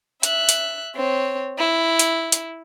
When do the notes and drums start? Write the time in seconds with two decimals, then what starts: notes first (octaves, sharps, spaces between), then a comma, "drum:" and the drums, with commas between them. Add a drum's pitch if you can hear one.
0.23 E5 F#6, drum: hi-hat
0.49 drum: hi-hat
0.96 C4 C#5
1.59 E4
1.99 drum: hi-hat
2.32 drum: hi-hat